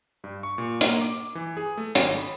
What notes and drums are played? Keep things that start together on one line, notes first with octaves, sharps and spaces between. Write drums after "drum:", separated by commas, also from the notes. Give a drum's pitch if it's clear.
G2
C#6
A#2
A#3, drum: hi-hat
D6
E3
G#4
A3
G#1, drum: hi-hat
B5